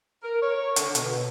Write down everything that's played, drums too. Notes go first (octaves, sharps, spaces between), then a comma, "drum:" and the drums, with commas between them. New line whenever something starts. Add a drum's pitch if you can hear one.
A#4
C#5
D3, drum: hi-hat
B2, drum: hi-hat